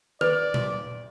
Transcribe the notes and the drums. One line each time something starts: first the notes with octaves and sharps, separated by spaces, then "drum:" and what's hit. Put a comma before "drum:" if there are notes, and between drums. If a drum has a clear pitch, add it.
B4 D5, drum: tom D#3
drum: tom A#2